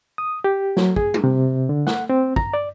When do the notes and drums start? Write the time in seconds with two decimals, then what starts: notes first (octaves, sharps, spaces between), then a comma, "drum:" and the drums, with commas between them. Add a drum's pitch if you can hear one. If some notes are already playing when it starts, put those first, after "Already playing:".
0.18 D#6
0.44 G4
0.77 F#3, drum: snare
0.96 G#4, drum: kick
1.14 drum: tom G3
1.24 C3
1.69 D3
1.87 F#5, drum: snare
2.09 C4
2.36 A#5, drum: kick
2.54 D5